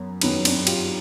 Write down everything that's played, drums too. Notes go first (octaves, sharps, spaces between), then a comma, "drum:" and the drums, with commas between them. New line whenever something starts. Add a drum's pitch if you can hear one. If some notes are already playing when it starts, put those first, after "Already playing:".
Already playing: F#2 F#3 B3
F#2 D#3 F#3 B3 C#4, drum: cymbal
C4 D4, drum: cymbal
F4 G4, drum: cymbal